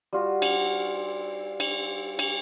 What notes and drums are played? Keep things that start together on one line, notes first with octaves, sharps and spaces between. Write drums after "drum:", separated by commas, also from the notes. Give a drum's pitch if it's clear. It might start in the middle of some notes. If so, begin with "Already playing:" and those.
G3 F4 F#4
drum: cymbal
drum: cymbal
drum: cymbal